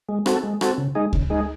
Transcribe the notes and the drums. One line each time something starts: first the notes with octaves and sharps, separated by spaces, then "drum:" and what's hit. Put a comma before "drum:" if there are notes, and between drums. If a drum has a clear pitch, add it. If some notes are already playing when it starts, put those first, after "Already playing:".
G#3
C4 F#4 A4, drum: rim click
G#3
C4 F#4 A4, drum: rim click
C#3
G#3 D#4 G#4
C#3, drum: kick D2
G#3 D#4 G#4